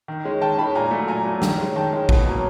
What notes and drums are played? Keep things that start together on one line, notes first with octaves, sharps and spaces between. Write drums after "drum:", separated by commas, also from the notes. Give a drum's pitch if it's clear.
D#3
G#3 C#4
D#3 G5 A5
G#3 C#4 A5 B5
A#2 G#5 A#5
F#3 A3
A#2 G#5 A#5
F#3 A3
D#3, drum: snare
G#3 C#4
D#3 G5 A5
G#3 C#4
B2, drum: kick A1
F#3 A#3 C#4